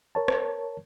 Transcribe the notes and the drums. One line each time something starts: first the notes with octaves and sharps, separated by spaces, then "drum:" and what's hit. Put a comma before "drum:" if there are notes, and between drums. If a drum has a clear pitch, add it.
A#4 C#5 A5
drum: rim click